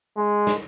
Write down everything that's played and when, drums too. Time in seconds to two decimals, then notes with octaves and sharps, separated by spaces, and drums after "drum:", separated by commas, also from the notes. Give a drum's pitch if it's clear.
0.17 G#3
0.47 drum: snare